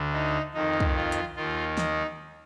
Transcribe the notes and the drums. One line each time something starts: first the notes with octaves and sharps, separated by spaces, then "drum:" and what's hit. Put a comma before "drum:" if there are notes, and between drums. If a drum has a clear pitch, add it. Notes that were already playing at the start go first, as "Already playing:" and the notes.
Already playing: D2 D3
D#4
F2 D#3 D#4
drum: kick
F4
drum: hi-hat
D#2 D#3 F4
D#4, drum: snare